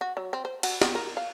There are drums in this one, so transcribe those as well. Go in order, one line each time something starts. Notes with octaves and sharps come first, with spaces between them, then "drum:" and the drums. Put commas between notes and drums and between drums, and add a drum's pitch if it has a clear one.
F#4
F#3
C4
C5
F#4, drum: cymbal
B3, drum: snare
A#4
F5